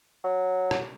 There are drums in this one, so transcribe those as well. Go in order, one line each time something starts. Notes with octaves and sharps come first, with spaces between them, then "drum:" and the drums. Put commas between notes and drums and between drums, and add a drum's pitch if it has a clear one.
F#3
drum: rim click